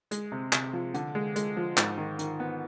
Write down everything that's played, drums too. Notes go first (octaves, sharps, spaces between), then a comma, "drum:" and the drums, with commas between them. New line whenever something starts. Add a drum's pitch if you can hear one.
G#3, drum: hi-hat
C3
C3, drum: clap
F3
D3, drum: hi-hat
G#3
G#3, drum: hi-hat
F3
G#2, drum: clap
D#3
D#3, drum: hi-hat
B3